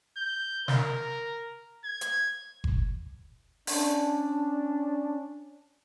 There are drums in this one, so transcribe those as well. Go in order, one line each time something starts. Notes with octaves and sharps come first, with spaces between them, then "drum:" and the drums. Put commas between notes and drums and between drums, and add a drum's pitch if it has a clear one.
G6
A#4, drum: snare
G#6
drum: hi-hat
drum: kick F#1
C#4 D4, drum: open hi-hat